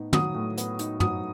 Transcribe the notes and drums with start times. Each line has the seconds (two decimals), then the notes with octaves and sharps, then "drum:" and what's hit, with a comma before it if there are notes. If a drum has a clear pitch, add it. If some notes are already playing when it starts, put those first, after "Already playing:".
Already playing: A2 B3 D#4
0.13 F#3 D#6, drum: tom
0.35 A2
0.58 B3, drum: hi-hat
0.79 D#4, drum: hi-hat
1.00 F#3 D#6, drum: tom